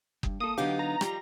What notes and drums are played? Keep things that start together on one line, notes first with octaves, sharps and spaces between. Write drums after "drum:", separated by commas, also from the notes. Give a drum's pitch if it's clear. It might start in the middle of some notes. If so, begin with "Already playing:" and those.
G2, drum: kick F#1
A#3 A4 D#6
D3 F#3 B3 D#4 G4 F5
A#5
D#3 F3 G3 G4, drum: rim click